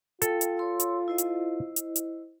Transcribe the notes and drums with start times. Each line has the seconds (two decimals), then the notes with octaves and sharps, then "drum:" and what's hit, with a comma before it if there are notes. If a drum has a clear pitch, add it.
0.22 F4 A4 G5, drum: hi-hat
0.41 drum: hi-hat
0.57 C#5 C6 E6
0.80 drum: hi-hat
1.08 E4 C5 D#5
1.18 drum: hi-hat
1.76 drum: hi-hat
1.96 drum: hi-hat